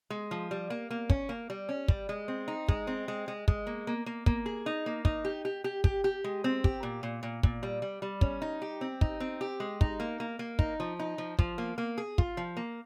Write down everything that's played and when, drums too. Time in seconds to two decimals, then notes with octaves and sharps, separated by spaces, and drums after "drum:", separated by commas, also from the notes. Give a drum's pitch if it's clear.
0.10 G#3
0.31 F3
0.51 G3
0.70 A#3
0.91 A#3
1.10 C#4, drum: kick
1.29 A#3
1.50 G3
1.69 C#4
1.88 G3, drum: kick
2.09 G#3
2.28 C4
2.48 D#4
2.68 G#3, drum: kick
2.87 C4
3.08 G#3
3.28 G#3
3.48 G#3, drum: kick
3.67 A#3
3.87 A#3
4.06 A#3
4.26 A#3, drum: kick
4.46 G#4
4.66 D#4
4.86 A#3
5.05 D#4, drum: kick
5.25 G4
5.45 G4
5.64 G4
5.84 G4, drum: kick
6.04 G4
6.24 G#3
6.44 C4
6.64 G4, drum: kick
6.83 A#2
7.03 A#2
7.23 A#2
7.43 A#2, drum: kick
7.63 G3
7.82 G3
8.02 G3
8.21 C#4, drum: kick
8.42 D#4
8.62 G4
8.81 C4
9.01 D#4, drum: kick
9.20 C4
9.41 G4
9.60 G#3
9.81 D#4, drum: kick
10.00 A#3
10.20 A#3
10.39 A#3
10.59 D#4, drum: kick
10.80 F3
10.99 D#4
11.18 F3
11.39 F3, drum: kick
11.58 A#3
11.78 A#3
11.98 G#4
12.18 F4, drum: kick
12.37 F3
12.57 A#3